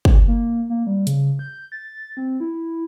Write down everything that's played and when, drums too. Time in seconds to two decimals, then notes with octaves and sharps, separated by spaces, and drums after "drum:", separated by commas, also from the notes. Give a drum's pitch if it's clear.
0.05 drum: kick
0.27 A#3
0.70 A#3
0.87 G3
1.07 C#3, drum: hi-hat
1.39 G6
1.72 A6
2.17 C4
2.40 E4